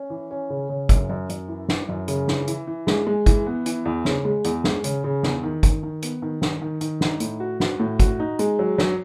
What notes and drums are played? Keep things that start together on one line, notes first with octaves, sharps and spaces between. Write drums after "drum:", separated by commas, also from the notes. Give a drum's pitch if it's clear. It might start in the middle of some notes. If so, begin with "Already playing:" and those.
Already playing: C#4
E3
C#4
C#3
C#3
F#2, drum: kick, hi-hat
F#2
F#2, drum: hi-hat
E3
E3, drum: snare
F#2
C#3, drum: hi-hat
E3, drum: snare
E3, drum: hi-hat
E3
G#3, drum: snare
G#3
E3, drum: kick, hi-hat
B3
E3, drum: hi-hat
E2
C#3, drum: snare
G#3
E2, drum: hi-hat
G#3, drum: snare
C#3, drum: hi-hat
C#3
E2, drum: snare
D#3
D#3, drum: kick, hi-hat
D#3
B3, drum: hi-hat
D#3
D#3, drum: snare
D#3
D#3, drum: hi-hat
D#4, drum: snare
A2, drum: hi-hat
F#4
F#4, drum: snare
A2
F#4, drum: kick, hi-hat
D#4
G#3, drum: hi-hat
F#3
F#3, drum: snare